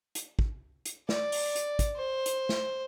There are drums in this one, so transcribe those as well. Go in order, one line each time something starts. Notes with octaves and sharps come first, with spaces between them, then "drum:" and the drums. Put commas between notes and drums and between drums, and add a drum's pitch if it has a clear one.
drum: hi-hat
drum: kick
drum: hi-hat
D5, drum: snare
drum: open hi-hat
drum: hi-hat
drum: kick, hi-hat
C5
drum: hi-hat
drum: snare